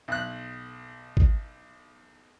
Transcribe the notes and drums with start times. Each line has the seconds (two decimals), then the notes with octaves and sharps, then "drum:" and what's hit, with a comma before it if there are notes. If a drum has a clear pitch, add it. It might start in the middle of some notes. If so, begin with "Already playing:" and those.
0.08 B1 F#6
1.17 drum: kick